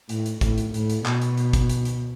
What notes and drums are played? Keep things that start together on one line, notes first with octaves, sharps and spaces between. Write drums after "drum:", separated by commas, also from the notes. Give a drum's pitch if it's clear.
A2, drum: hi-hat
drum: hi-hat
A2, drum: kick, hi-hat
drum: hi-hat
A2, drum: hi-hat
drum: hi-hat
B2, drum: clap
drum: hi-hat
drum: hi-hat
drum: kick, hi-hat
drum: hi-hat
drum: hi-hat